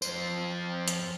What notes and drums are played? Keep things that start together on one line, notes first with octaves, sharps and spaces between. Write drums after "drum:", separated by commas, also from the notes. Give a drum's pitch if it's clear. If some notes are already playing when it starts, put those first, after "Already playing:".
F2 C5, drum: tambourine
drum: hi-hat